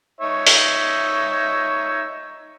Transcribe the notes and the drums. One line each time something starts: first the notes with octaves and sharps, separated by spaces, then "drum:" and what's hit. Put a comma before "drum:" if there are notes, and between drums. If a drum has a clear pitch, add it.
D#4 C#5 E5
drum: open hi-hat